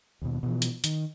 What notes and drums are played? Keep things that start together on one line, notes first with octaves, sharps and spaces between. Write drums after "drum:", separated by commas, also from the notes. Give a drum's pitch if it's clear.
D#2 B2
B2 E3 F3
drum: hi-hat
D#3, drum: hi-hat